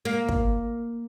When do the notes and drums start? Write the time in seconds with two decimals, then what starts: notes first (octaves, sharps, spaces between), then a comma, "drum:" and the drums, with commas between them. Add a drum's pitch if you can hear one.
0.05 A#3
0.29 drum: kick